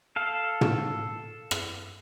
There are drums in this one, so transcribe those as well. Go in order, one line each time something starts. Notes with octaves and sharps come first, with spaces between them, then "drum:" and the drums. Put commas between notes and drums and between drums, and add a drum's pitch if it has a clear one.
A4 F5
drum: tom
drum: rim click